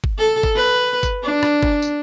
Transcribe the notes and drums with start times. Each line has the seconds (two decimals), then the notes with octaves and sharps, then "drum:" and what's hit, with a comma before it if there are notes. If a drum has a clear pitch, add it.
0.04 drum: kick G1
0.18 A4
0.43 drum: kick G1
0.56 B4
1.03 drum: kick G1, tambourine
1.23 D4
1.43 drum: rim click
1.63 drum: kick G1
1.82 drum: tambourine